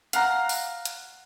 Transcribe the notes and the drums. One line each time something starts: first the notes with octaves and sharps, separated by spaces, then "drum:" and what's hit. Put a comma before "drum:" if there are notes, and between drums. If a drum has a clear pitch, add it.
F5 F#5 A#5, drum: hi-hat
drum: open hi-hat
drum: hi-hat